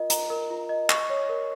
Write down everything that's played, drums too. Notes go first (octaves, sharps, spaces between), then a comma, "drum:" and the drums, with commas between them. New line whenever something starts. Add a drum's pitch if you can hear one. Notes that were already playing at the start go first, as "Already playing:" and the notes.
Already playing: F4 A#4 D#5
A#5, drum: hi-hat
A#4
F4
D#5
C#6, drum: clap
C#5
A#4